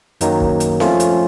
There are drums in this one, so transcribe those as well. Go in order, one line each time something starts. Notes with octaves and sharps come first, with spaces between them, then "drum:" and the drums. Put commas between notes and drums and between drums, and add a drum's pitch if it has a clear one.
F#2 D#3 F#3 A#3 D#4, drum: hi-hat
drum: kick
drum: hi-hat
F3 A3 C#4 F4, drum: snare
drum: hi-hat